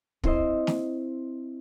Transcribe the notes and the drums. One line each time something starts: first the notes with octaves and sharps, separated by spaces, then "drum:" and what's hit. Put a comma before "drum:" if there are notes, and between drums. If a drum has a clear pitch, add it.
C4 E4 C5 D#5, drum: kick
drum: snare